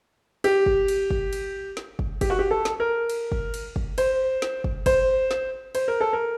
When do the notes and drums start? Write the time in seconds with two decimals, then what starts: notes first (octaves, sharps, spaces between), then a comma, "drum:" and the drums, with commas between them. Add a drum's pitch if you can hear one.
0.44 G4, drum: cymbal
0.66 drum: kick
0.88 drum: cymbal
1.11 drum: kick
1.33 drum: cymbal
1.77 drum: snare
1.99 drum: kick
2.21 G4, drum: kick, cymbal
2.30 F#4
2.39 G4
2.51 A4
2.65 drum: snare
2.80 A#4
3.10 drum: cymbal
3.32 drum: kick
3.54 drum: cymbal
3.76 drum: kick
3.98 C5, drum: cymbal
4.42 drum: snare
4.64 drum: kick
4.86 C5, drum: kick, cymbal
5.31 drum: snare
5.75 C5, drum: cymbal
5.88 A#4
6.01 A4
6.13 A#4